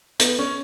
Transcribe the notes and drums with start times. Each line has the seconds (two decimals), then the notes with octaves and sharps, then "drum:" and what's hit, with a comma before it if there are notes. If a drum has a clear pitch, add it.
0.19 B3, drum: hi-hat
0.39 C#4